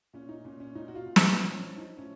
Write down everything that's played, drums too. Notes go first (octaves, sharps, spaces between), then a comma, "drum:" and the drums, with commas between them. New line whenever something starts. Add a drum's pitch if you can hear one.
A#2 C#4
D#4
A#2 C#4
C#4
A#2 D#4
F#4
F4
A#2
D#4, drum: snare
F3 C#4
C#4
F3
D#4
A2 C#4